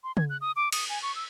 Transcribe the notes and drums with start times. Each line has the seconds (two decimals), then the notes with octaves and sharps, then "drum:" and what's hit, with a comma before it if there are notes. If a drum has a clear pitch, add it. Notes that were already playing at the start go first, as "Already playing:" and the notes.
0.04 C6
0.17 G#6, drum: tom C#3
0.30 F#6
0.41 D#6
0.56 D6
0.72 D#6, drum: cymbal
0.89 G#5
1.02 C#6
1.15 E6